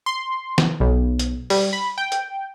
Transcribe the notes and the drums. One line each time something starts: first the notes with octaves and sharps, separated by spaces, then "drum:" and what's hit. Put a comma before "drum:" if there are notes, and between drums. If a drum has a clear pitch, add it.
C6
drum: snare
B1
drum: hi-hat
G3, drum: open hi-hat
B5
G5
drum: hi-hat